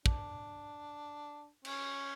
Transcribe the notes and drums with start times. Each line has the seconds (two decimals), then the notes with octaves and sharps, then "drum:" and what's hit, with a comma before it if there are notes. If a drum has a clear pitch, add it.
0.06 D4, drum: kick
1.65 C#4, drum: cymbal